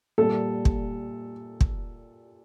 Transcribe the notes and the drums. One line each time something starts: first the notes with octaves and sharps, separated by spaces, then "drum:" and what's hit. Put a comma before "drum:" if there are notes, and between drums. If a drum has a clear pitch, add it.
A#2 G3 A4
drum: kick
drum: kick